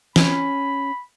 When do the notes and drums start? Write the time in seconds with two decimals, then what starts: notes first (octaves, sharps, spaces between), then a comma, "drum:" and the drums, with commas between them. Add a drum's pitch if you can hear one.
0.16 C#4 C#5 G#5 B5, drum: snare